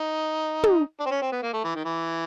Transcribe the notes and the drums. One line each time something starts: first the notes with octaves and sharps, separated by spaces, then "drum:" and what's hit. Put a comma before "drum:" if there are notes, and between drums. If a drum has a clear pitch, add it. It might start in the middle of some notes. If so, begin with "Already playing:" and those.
Already playing: D#4
drum: tom
D4
C4
C#4
C4
B3
A#3
A3
E3
D#3
E3